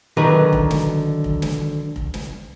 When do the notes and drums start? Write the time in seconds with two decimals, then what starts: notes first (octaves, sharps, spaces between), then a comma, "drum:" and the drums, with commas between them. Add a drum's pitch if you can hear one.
0.17 D3 D#3 F#3 A#4 B4
0.53 drum: kick F1
0.71 drum: snare
1.24 drum: kick F1
1.42 drum: snare
1.96 drum: kick F1
2.14 drum: snare